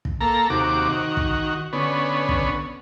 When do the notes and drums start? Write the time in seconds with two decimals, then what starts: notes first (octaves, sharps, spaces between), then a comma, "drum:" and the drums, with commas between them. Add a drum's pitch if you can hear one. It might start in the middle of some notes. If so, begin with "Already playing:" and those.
0.05 drum: kick
0.21 A#3 A4 A#5
0.50 D#2 C3 F#4 D6
0.89 D#3 F#4
1.17 drum: kick
1.73 D3 B3 C#4
2.29 drum: kick